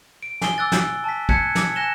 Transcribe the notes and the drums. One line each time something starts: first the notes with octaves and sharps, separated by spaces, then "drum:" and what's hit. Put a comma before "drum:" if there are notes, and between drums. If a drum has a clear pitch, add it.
D7
G#5 G7, drum: snare
D6 E6 F#6 A6
drum: snare
A5 B6
A5 F#6 G#6 B6 C#7, drum: kick
drum: snare
G#5 F#6 A#6 E7 G7